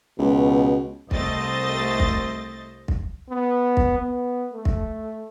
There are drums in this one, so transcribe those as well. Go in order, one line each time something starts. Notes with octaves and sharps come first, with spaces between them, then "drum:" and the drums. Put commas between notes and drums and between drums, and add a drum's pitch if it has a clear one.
C#2 B2
C2 A3 C5 D#5 A6, drum: kick
drum: kick
drum: kick
B3
drum: kick
B3
A3
drum: kick